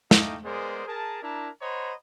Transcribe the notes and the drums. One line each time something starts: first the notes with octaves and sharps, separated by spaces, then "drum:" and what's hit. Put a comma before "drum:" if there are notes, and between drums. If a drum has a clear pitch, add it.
A3 D#4 E4 F5 G5 D6, drum: snare
G#3 B3 G#4 A#4 C5 D5
G#4 A#4 A5
D4 E4 A#4 A5 A#5
C5 C#5 D#5 F#5 A#5 B5